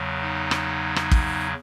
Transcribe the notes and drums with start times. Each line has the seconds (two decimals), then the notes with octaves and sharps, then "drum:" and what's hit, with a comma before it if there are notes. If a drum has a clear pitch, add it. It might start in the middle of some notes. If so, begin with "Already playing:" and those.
Already playing: E2 C#3 F#3
0.21 D#4
0.51 drum: rim click
0.96 drum: rim click
1.11 drum: kick